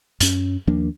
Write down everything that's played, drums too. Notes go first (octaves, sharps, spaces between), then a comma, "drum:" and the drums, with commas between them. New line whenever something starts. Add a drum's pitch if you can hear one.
F#2 C#4, drum: hi-hat
D#2 F3 A#3 D4